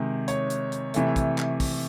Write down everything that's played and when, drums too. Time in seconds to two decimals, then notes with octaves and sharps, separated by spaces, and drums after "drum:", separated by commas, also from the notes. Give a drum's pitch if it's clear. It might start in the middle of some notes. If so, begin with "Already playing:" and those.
Already playing: C3 D#3 G#3
0.28 C#5, drum: hi-hat
0.50 drum: hi-hat
0.72 drum: hi-hat
0.94 C3 E3 A3, drum: hi-hat
1.16 drum: kick, hi-hat
1.38 drum: clap
1.60 drum: kick, open hi-hat